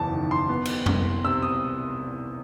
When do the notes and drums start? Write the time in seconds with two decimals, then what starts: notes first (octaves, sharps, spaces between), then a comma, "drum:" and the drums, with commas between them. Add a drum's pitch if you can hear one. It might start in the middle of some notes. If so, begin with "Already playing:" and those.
Already playing: F#1 E2 A5
0.12 D#3
0.31 C6
0.49 B3
0.65 drum: cymbal
0.86 C2, drum: tom F2
1.24 C3 E6
1.42 D#6